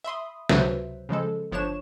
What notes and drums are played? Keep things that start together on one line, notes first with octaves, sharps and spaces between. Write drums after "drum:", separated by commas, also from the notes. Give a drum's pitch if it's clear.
E5 B5 C6 D#6
C#2 C3 F#3 B4 C5 E5, drum: snare
C#3 F3 G#3 A4
G1 F3 D4 C#5 C#6 E7